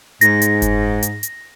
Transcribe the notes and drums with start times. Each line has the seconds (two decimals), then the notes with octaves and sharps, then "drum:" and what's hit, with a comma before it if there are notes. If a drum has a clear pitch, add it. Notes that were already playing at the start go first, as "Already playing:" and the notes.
0.21 G#2 A#6, drum: hi-hat
0.42 drum: hi-hat
0.62 drum: kick F#1, hi-hat
1.02 drum: hi-hat
1.23 drum: hi-hat